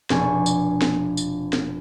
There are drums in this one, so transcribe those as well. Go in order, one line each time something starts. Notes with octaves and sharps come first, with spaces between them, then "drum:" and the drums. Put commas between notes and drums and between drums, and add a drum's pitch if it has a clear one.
F1 B2 D4 G#5 C#6, drum: snare
drum: tambourine
drum: snare
drum: tambourine
drum: snare